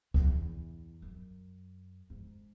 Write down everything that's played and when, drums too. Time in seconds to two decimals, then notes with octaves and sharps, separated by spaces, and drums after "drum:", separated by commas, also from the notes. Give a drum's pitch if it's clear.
0.14 E2, drum: kick C#2
1.02 F#2
2.10 G#2